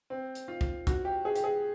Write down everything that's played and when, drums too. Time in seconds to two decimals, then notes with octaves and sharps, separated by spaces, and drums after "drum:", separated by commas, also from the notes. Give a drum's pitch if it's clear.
0.10 C4
0.35 drum: hi-hat
0.48 F4
0.61 drum: kick
0.87 F#4, drum: kick, hi-hat
1.05 G4
1.25 G#4
1.36 G4, drum: hi-hat
1.44 G#4